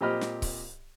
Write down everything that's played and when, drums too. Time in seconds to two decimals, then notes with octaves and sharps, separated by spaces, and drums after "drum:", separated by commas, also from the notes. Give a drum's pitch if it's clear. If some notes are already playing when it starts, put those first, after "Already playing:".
0.01 A#2 C4 G4 D#5 B5 F6
0.21 drum: snare
0.42 drum: kick C#1, open hi-hat